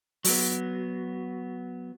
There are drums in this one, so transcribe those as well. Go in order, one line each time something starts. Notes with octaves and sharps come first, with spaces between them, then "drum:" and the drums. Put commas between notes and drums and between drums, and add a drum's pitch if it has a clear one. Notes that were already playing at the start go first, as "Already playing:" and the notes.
F#3 B3, drum: open hi-hat